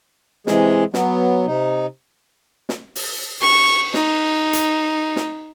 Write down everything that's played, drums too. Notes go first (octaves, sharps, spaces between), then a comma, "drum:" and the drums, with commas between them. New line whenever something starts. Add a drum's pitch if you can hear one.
C3 E3 G#3 G#4, drum: snare
F#3 B3, drum: snare
C3 D#4
drum: snare
drum: open hi-hat
C#6, drum: cymbal
D#4, drum: snare
drum: hi-hat
drum: snare